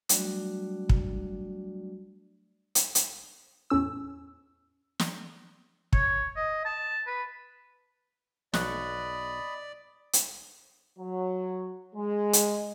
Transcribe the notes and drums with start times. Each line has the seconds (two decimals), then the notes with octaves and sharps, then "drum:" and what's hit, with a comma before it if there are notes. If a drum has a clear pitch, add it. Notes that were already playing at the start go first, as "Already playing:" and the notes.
0.09 F#3 G3 A3 D4 F#4 D5, drum: hi-hat
0.89 drum: kick
2.75 drum: hi-hat
2.95 drum: hi-hat
3.70 E2 A2 C#4 E6
5.00 drum: snare
5.93 C#5, drum: kick
6.37 D#5
6.65 A5
7.07 B4
8.54 B1 A4 D5 D#5 B5 C#6 F#6, drum: snare
10.13 drum: hi-hat
10.98 F#3
11.95 G#3
12.33 drum: hi-hat